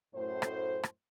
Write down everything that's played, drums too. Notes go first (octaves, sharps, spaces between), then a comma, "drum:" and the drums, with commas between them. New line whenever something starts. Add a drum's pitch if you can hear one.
F#2 A2 C5
drum: rim click
drum: rim click